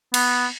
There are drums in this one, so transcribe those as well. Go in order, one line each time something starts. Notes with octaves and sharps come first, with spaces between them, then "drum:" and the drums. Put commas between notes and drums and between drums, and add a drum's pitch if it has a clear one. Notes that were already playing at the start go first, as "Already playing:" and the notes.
B3, drum: cymbal